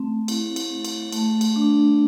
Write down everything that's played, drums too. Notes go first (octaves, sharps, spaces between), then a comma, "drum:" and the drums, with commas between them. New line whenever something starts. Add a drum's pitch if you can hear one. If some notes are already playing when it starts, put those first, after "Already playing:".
Already playing: A3 C4
E4, drum: cymbal
drum: cymbal
A3
drum: cymbal
A3, drum: cymbal
drum: cymbal
D4